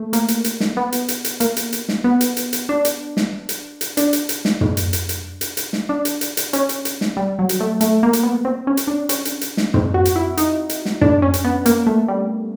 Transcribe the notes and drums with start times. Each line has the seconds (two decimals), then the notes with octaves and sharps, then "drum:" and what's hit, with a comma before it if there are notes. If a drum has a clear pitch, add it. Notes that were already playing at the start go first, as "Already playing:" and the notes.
Already playing: A3
0.13 A#3, drum: hi-hat
0.28 drum: hi-hat
0.44 drum: hi-hat
0.60 drum: snare
0.77 B3
0.92 drum: hi-hat
1.08 drum: hi-hat
1.24 drum: hi-hat
1.40 A#3, drum: hi-hat
1.57 drum: hi-hat
1.73 drum: hi-hat
1.89 drum: snare
2.04 B3
2.21 drum: hi-hat
2.37 drum: hi-hat
2.53 drum: hi-hat
2.69 D4
2.85 drum: hi-hat
3.17 drum: snare
3.49 drum: hi-hat
3.81 drum: hi-hat
3.97 D4, drum: hi-hat
4.13 drum: hi-hat
4.29 drum: hi-hat
4.45 drum: snare
4.61 drum: tom
4.77 drum: hi-hat
4.93 drum: hi-hat
5.09 drum: hi-hat
5.41 drum: hi-hat
5.57 drum: hi-hat
5.73 drum: snare
5.89 D4
6.05 drum: hi-hat
6.21 drum: hi-hat
6.37 drum: hi-hat
6.53 C#4, drum: hi-hat
6.69 drum: hi-hat
6.85 drum: hi-hat
7.01 drum: snare
7.17 G3
7.39 F#3
7.49 drum: hi-hat
7.60 A3
7.81 A3, drum: hi-hat
8.03 A#3
8.13 drum: hi-hat
8.23 B3
8.45 C4
8.67 C#4
8.77 drum: hi-hat
8.87 D4
9.09 C#4, drum: hi-hat
9.25 drum: hi-hat
9.41 drum: hi-hat
9.57 drum: snare
9.74 C4, drum: tom
9.94 F#4
10.05 drum: hi-hat
10.16 E4
10.37 D#4, drum: hi-hat
10.69 drum: hi-hat
10.85 drum: snare
11.01 D4, drum: tom
11.22 C#4
11.34 drum: hi-hat
11.44 B3
11.66 A#3, drum: hi-hat
11.87 A3
12.08 G3